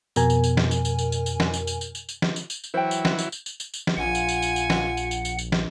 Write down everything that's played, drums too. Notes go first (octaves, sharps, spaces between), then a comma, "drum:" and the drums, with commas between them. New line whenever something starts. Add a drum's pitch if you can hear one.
F2 B2 A#4 G#5, drum: tambourine
drum: tambourine
drum: tambourine
drum: snare
drum: tambourine
drum: tambourine
drum: tambourine
drum: tambourine
drum: tambourine
drum: snare
drum: tambourine
drum: tambourine
drum: tambourine
drum: tambourine
drum: tambourine
drum: snare
drum: tambourine
drum: tambourine
drum: tambourine
E3 F#3 E4 C5 G5
drum: tambourine
drum: snare
drum: tambourine
drum: tambourine
drum: tambourine
drum: tambourine
drum: tambourine
drum: snare
A#1 F4 F#5 G#5
drum: tambourine
drum: tambourine
drum: tambourine
drum: tambourine
drum: snare
drum: tambourine
drum: tambourine
drum: tambourine
drum: tambourine
drum: snare